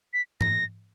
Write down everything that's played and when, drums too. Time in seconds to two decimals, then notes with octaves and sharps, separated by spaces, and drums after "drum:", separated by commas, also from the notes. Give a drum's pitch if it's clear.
0.14 B6
0.41 A#6, drum: tom G#2